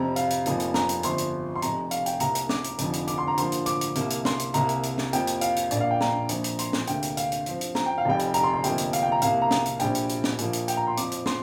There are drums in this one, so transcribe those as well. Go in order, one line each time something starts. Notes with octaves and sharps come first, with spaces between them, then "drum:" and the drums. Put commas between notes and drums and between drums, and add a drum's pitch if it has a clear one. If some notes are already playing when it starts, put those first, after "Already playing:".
Already playing: F2 C3 G3 C4 A#5
F5, drum: hi-hat
drum: hi-hat
F1 F2 F3 A#3, drum: hi-hat
drum: hi-hat
A#5, drum: snare
drum: hi-hat
G1 G2 F3 C4 C6, drum: hi-hat
drum: hi-hat
C6
F1 F2 C3 A#5, drum: hi-hat
F5, drum: hi-hat
G5, drum: hi-hat
C2 C3 A#3 A#5, drum: hi-hat
drum: hi-hat
D6, drum: snare
drum: hi-hat
F1 F2 D3 F3, drum: hi-hat
drum: hi-hat
D6, drum: hi-hat
C6
A#5
G2 D3 F3 A#3 C6, drum: hi-hat
drum: hi-hat
D6, drum: hi-hat
drum: hi-hat
C2 C3 A#3, drum: hi-hat
drum: hi-hat
C6, drum: snare
drum: hi-hat
C2 C3 A#3 A#5, drum: hi-hat
drum: hi-hat
drum: hi-hat
drum: snare
F2 C3 F3 A#3 G5, drum: hi-hat
drum: hi-hat
F5, drum: hi-hat
drum: hi-hat
A#1 A#2 A#3 D5, drum: hi-hat
F5
G5
A#5, drum: snare
A#1 A#2 F3 C4, drum: hi-hat
drum: hi-hat
C6, drum: hi-hat
drum: snare
D2 C3 A#3 G5, drum: hi-hat
drum: hi-hat
F5, drum: hi-hat
drum: hi-hat
G2 F3 C4, drum: hi-hat
drum: hi-hat
A#5, drum: snare
G5
F5
F1 F2 C3 G3 G5
drum: hi-hat
A#5, drum: hi-hat
C6
C6
G1 F2 C3 F3 A#3 G5, drum: hi-hat
drum: hi-hat
F5, drum: hi-hat
G5
A#5
C2 C3 A#3 F5, drum: hi-hat
A#5
drum: snare
drum: hi-hat
A#1 A#2 G3 C4 G5, drum: hi-hat
drum: hi-hat
drum: hi-hat
drum: snare
A#1 A#2 F3 A#3, drum: hi-hat
drum: hi-hat
G5, drum: hi-hat
A#5
C6
F2 F3 C4 D6, drum: hi-hat
drum: hi-hat
C6, drum: snare